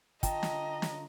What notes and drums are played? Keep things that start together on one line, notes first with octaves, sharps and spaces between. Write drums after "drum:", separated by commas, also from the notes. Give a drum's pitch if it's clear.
D3 F4 D#5 G5 A5 A#5, drum: kick, hi-hat
drum: snare
drum: snare